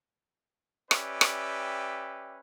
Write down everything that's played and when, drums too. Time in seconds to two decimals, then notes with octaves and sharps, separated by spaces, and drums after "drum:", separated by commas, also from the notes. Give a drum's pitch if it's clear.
0.91 C#4 G4 B4 D5 E5 G5, drum: rim click
1.21 drum: rim click